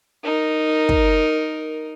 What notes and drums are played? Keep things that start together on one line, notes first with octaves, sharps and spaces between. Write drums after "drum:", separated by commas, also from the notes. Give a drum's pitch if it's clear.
D#4 A#4
drum: kick